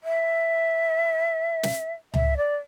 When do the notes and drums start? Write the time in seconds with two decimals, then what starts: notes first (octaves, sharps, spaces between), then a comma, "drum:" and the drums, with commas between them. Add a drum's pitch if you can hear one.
0.04 E5
1.63 drum: snare
2.14 E5, drum: tom C#2
2.37 D5